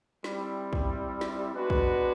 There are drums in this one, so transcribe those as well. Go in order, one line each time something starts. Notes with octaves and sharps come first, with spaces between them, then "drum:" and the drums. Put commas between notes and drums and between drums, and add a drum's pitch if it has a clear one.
G3 C4 E4, drum: snare
drum: kick
drum: snare
G#3 B3 D4 F#4 B4
drum: kick